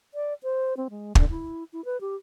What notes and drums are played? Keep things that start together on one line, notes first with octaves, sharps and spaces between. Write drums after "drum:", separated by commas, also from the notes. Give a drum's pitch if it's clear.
D5
C5
C4
G#3
D3, drum: kick
E4
E4
B4
G4